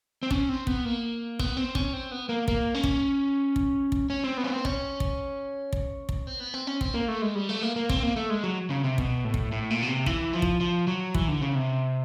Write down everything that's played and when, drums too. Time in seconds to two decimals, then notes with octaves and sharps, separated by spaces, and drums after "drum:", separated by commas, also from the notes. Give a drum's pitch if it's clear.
0.23 C4
0.31 C#4, drum: kick
0.49 C4
0.67 B3, drum: kick
0.85 A#3
1.39 B3, drum: kick
1.57 C4
1.75 C#4, drum: kick
1.93 C4
2.11 B3
2.29 A#3
2.48 A#3, drum: kick
2.74 C#4
2.84 drum: kick
3.56 drum: kick
3.92 drum: kick
4.10 C#4
4.24 C4
4.37 B3
4.44 C#4
4.50 C4
4.65 C#4, drum: kick
5.00 drum: kick
5.73 drum: kick
6.09 drum: kick
6.27 C4
6.40 B3
6.54 C4
6.67 C#4
6.81 C4, drum: kick
6.94 A#3
7.08 A3
7.22 G#3
7.35 G3
7.49 A3
7.63 A#3
7.76 A#3
7.90 C4, drum: kick
8.03 A#3
8.16 A3
8.30 G#3
8.43 F#3
8.70 C#3
8.84 C3
8.98 B2, drum: kick
9.24 A2
9.34 drum: kick
9.52 A2
9.70 A#2
9.83 B2
9.88 C3
10.06 E3, drum: kick
10.33 F3
10.42 drum: kick
10.61 F3
10.87 F#3
11.15 E3, drum: kick
11.28 D3
11.41 C#3
11.55 C3